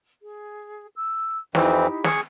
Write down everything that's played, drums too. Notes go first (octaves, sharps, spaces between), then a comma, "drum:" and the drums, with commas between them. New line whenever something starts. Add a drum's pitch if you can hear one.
G#4
E6
F2 E3 C4 D#4 E4 G4, drum: snare
G#4 C#6, drum: snare